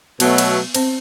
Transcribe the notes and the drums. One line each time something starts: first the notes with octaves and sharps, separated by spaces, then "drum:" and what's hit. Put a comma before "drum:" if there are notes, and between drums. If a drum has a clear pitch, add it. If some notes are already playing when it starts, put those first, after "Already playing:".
B2 F#3 A3 B3 B4, drum: cymbal
drum: cymbal
C4 C5, drum: cymbal